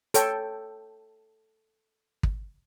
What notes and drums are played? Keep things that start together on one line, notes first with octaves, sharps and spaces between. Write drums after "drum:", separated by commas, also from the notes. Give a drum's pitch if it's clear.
A4 C#5 G5, drum: hi-hat
drum: kick